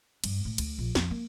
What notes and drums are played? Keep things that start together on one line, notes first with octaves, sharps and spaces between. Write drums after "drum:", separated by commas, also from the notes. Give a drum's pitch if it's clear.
G2, drum: cymbal
A2
D2, drum: cymbal
A#1
F2, drum: snare
A#3